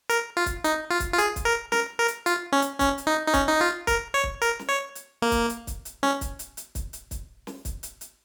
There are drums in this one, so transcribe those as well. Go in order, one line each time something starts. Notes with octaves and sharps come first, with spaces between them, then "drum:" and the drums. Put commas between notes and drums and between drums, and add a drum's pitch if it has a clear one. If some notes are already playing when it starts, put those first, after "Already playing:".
A#4, drum: hi-hat
F4
drum: kick, hi-hat
D#4, drum: hi-hat
F4
drum: kick, hi-hat
F4
G#4, drum: hi-hat
drum: kick, hi-hat
A#4
A#4, drum: snare
A#4
drum: hi-hat
F4, drum: hi-hat
C#4
drum: hi-hat
C#4, drum: kick, hi-hat
drum: hi-hat
D#4
D#4
C#4, drum: kick, hi-hat
D#4
F4
A#4, drum: kick, hi-hat
C#5
drum: kick
A#4, drum: hi-hat
drum: snare
C#5
drum: hi-hat
A#3
drum: kick, hi-hat
drum: hi-hat
drum: kick, hi-hat
drum: hi-hat
C#4, drum: snare
drum: kick, hi-hat
drum: hi-hat
drum: hi-hat
drum: kick, hi-hat
drum: hi-hat
drum: kick, hi-hat
drum: snare
drum: kick, hi-hat
drum: hi-hat
drum: hi-hat